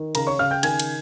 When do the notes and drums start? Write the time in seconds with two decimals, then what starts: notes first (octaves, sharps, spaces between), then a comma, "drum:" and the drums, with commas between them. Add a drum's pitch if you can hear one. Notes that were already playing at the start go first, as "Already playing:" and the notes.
Already playing: D#3
0.15 C#3 A#4 A#5, drum: cymbal
0.27 C#5 C#6
0.39 C#3 F5 F6
0.51 G5 G6
0.63 D#3 G#5 G#6, drum: cymbal
0.79 drum: cymbal